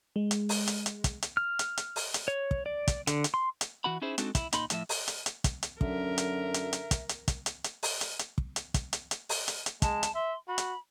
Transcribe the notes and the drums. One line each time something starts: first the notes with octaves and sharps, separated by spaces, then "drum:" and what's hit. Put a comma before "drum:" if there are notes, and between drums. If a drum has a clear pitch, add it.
G#3
drum: hi-hat
drum: open hi-hat
drum: hi-hat
drum: hi-hat
drum: kick, hi-hat
drum: hi-hat
F6
drum: hi-hat
drum: hi-hat
drum: open hi-hat
drum: hi-hat
C#5
drum: kick
D5
drum: kick, hi-hat
D3, drum: hi-hat
drum: hi-hat
C6
drum: hi-hat
E3 F#4 F#5 B5
C#4 D#4 E4 G#4 C5
G#3 C4 D4 D#4 F#4 A4, drum: hi-hat
E4, drum: kick, hi-hat
A#2 D#4 B5 C6, drum: hi-hat
A2 F3 E5, drum: hi-hat
drum: open hi-hat
drum: hi-hat
drum: hi-hat
drum: kick, hi-hat
drum: hi-hat
F#2 D3 A#4 E5, drum: kick
drum: hi-hat
drum: hi-hat
drum: hi-hat
drum: kick, hi-hat
drum: hi-hat
drum: kick, hi-hat
drum: hi-hat
drum: hi-hat
drum: open hi-hat
drum: hi-hat
drum: hi-hat
drum: kick
drum: hi-hat
drum: kick, hi-hat
drum: hi-hat
drum: hi-hat
drum: open hi-hat
drum: hi-hat
drum: hi-hat
G#3 A5, drum: kick, hi-hat
drum: hi-hat
E5 C6
F#4 B5
drum: hi-hat